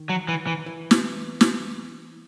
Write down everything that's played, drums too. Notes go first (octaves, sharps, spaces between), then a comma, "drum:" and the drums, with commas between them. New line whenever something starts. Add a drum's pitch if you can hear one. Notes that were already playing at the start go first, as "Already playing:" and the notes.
Already playing: D#3
F#3
E3
E3
E3
drum: snare
drum: snare